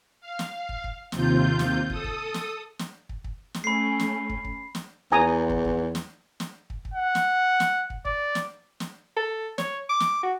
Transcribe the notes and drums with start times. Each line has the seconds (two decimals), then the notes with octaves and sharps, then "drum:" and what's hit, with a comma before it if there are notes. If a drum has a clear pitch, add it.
0.21 F5
0.39 drum: snare
0.69 drum: kick
0.84 drum: kick
1.12 D#2 C3 F4 G6, drum: snare
1.59 drum: snare
1.90 A4 D#6, drum: kick
2.04 drum: kick
2.34 drum: snare
2.79 drum: snare
3.09 drum: kick
3.24 drum: kick
3.54 drum: snare
3.64 A3 C#4 B5 C7
4.00 drum: snare
4.30 drum: kick
4.45 drum: kick
4.75 drum: snare
5.12 E2 G#5 A#5 D#6
5.50 drum: kick
5.65 drum: kick
5.95 drum: snare
6.40 drum: snare
6.70 drum: kick
6.85 drum: kick
6.94 F#5
7.15 drum: snare
7.60 drum: snare
7.90 drum: kick
8.05 D5, drum: kick
8.35 drum: snare
8.80 drum: snare
9.17 A4
9.58 C#5, drum: snare
9.90 D6
10.00 drum: snare
10.23 F#4